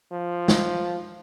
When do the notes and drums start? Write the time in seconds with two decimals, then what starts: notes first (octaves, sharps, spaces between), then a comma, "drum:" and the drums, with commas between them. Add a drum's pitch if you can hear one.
0.12 F3
0.48 drum: snare